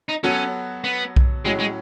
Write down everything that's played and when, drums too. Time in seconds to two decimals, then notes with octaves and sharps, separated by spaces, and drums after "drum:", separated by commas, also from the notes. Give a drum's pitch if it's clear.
0.09 D#4
0.23 F#3 B3 C#4 F#4 A4
0.84 B3
1.16 drum: kick B1
1.45 A2 F#3 G#3 C#4
1.60 G#3